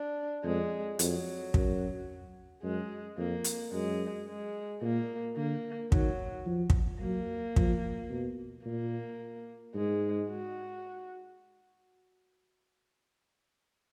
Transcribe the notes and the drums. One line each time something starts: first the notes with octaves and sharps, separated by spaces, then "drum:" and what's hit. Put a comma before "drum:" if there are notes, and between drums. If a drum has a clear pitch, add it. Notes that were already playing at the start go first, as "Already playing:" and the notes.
Already playing: D4
F2 G#3
F2 F#3, drum: hi-hat
F#2, drum: kick
F#2 G#3
F2 A#3
drum: hi-hat
F#2 G#3
G#3
A#2 A#3
D3 A#3
D#3 F#3, drum: kick
F3
drum: kick
F#3 A#3
F3, drum: kick
B2
A#2 A#3
G#2 G#3
F#4